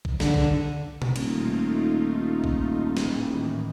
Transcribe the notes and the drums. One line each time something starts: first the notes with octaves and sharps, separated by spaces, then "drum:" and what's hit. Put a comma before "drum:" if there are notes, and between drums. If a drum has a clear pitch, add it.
drum: kick A#1
D3, drum: snare
drum: kick A#1
drum: tom B2
D#1 A3 D#4 F4, drum: cymbal
drum: kick A#1
A2 D#3 E3, drum: snare